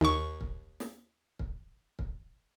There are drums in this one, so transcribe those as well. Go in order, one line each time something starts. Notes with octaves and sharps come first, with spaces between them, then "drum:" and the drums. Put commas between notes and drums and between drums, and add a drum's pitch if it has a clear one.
D#2 C#6
drum: kick
drum: snare
drum: kick
drum: kick